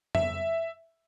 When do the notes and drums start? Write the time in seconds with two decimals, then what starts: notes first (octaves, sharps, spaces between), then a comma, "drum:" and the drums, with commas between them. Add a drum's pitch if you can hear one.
0.15 E5, drum: tom F2